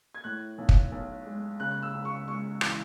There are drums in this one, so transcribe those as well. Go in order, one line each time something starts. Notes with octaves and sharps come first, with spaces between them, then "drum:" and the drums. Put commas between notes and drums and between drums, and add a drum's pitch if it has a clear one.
G#6
A2 F#6
B1
drum: kick
B1
G#3
C#3 F#6
F#6
E6
C#2
C#6
G#3 C#6
E3, drum: rim click